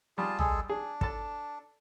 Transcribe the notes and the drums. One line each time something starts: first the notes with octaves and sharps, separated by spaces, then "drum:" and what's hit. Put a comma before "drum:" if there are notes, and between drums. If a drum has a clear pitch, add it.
G3 F4 G#4 A5
G#3 G#4 A4, drum: tom
D4 G#4
A4 A5, drum: kick